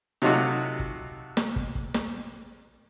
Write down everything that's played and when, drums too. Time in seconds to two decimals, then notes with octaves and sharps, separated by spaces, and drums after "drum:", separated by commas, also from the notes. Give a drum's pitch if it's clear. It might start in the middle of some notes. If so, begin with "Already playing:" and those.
0.22 C3 F#3 A3 D#4 F4 F#4
0.79 drum: kick
1.37 drum: snare
1.56 drum: kick
1.75 drum: kick
1.94 drum: snare